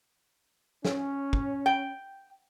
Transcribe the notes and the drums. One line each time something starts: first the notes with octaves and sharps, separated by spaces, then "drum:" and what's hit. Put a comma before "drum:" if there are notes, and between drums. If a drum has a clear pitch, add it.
C#4, drum: snare
drum: kick
G5